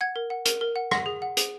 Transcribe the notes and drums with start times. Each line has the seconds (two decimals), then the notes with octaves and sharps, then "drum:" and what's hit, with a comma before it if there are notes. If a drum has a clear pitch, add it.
0.01 F#5 G#6
0.16 A#4
0.30 F#5
0.45 A#4, drum: hi-hat
0.61 A#4
0.76 F#5
0.91 F#5 A#6, drum: rim click
1.06 G#4
1.22 F#5
1.37 G#4, drum: hi-hat